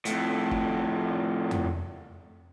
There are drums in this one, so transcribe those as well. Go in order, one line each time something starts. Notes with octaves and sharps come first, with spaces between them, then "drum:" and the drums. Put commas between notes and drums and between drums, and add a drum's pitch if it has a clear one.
F2 A2, drum: hi-hat
drum: kick
drum: tom F2